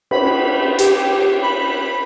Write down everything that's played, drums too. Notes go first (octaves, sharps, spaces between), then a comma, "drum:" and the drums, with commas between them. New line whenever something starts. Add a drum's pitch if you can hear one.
B5, drum: cymbal
G4, drum: hi-hat
B5